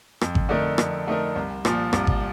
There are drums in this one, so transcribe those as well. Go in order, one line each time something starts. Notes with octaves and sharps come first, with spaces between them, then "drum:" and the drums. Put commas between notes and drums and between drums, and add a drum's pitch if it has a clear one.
F2, drum: rim click
drum: kick G#1
D3 A3 D#4 A#4
F2, drum: rim click
D3 A3 D#4 A#4
C2
A#2 F3, drum: rim click
C2, drum: rim click
drum: kick G#1